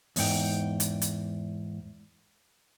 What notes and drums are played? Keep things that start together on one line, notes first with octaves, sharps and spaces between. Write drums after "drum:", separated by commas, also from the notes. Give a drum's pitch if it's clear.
E2 G#2 G5, drum: open hi-hat
drum: hi-hat
drum: hi-hat